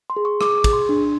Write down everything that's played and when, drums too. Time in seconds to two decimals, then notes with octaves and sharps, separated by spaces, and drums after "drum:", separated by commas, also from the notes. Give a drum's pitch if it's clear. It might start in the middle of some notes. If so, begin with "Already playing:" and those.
0.10 C6
0.16 G#4
0.25 C#6
0.41 G#4 D6, drum: rim click
0.57 C#6
0.64 G#4, drum: kick, cymbal
0.73 C6
0.89 D4